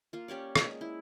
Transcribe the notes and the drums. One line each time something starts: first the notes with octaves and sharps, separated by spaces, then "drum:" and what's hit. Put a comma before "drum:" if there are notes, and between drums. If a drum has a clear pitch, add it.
A#3 F4
C#4 G4 C#5 D5
G#3 A#3, drum: rim click
E4